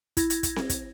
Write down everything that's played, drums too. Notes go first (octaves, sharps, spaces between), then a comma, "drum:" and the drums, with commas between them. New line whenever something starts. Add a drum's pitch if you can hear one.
E4 G#6 A#6, drum: kick, hi-hat
drum: hi-hat
drum: kick, hi-hat
drum: snare C4
drum: kick, hi-hat